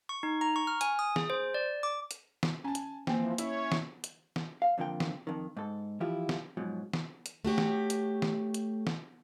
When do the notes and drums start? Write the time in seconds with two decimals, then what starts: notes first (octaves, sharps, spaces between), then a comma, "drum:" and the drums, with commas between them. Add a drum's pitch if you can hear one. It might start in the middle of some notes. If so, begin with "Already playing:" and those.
0.09 C#6
0.23 D#4
0.41 A#5
0.56 C#6
0.67 F6
0.81 G#5, drum: hi-hat
0.99 D#6
1.16 G#4, drum: snare
1.30 C5
1.54 D5
1.83 D6
2.11 drum: hi-hat
2.43 drum: snare
2.64 C#4 G#5 A5
2.75 drum: hi-hat
3.07 E3 F3 A#3 C4 G5, drum: snare
3.38 C#4 E4 C#5 E5, drum: hi-hat
3.72 drum: snare
4.04 drum: hi-hat
4.36 drum: snare
4.62 F5
4.78 F2 D3 F3 A#3 G5
5.00 drum: snare
5.27 F2 D#3
5.57 G#2 A4
6.00 E3 F3 E4 F4 G4
6.29 drum: snare
6.57 G#2 B2 F3 F#3
6.93 drum: snare
7.26 drum: hi-hat
7.45 A3 F#4 G4 C#5
7.58 drum: snare
7.90 drum: hi-hat
8.22 drum: snare
8.54 drum: hi-hat
8.87 drum: snare